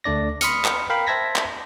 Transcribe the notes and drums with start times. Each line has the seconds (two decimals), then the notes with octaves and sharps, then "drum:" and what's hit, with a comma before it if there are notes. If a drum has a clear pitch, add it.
0.04 D2 A3 D4 D5 A#6
0.41 B5 C6 D#6 F6 C#7, drum: hi-hat
0.65 drum: clap
0.90 A#4 F5 G5 B5
1.07 C5 E5 A5 G#6 A#6 B6
1.36 drum: clap